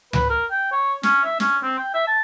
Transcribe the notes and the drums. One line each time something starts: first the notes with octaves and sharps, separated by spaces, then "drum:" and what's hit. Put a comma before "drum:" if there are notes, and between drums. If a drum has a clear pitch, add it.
B4, drum: tom C#2
A#4
G5
C#5
C#4, drum: snare
E5
C#4, drum: snare
C4
G5
E5
A5